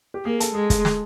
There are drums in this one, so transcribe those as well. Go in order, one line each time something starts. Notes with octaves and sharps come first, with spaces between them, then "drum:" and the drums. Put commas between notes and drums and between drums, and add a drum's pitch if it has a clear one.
G4
A#3 G#4
A4, drum: hi-hat
G#3 G#4
drum: kick, hi-hat
drum: snare